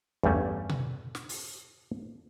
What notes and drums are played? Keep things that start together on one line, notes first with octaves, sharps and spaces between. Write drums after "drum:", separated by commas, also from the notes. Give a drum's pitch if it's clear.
E2 G2 G3 A3 C#4, drum: kick
drum: tom B2
drum: snare
drum: open hi-hat